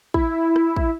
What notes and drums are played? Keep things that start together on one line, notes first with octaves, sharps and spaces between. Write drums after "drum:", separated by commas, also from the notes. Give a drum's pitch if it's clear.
E4, drum: kick
drum: rim click
drum: kick